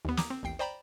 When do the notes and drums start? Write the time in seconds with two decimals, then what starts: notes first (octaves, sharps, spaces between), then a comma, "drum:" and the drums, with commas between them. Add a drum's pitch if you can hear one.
0.05 D#2 B3
0.17 A#5 D6 D#6, drum: snare
0.30 C4
0.43 A1 D#2 G5 C7
0.59 C5 D5 G5 A#5 B5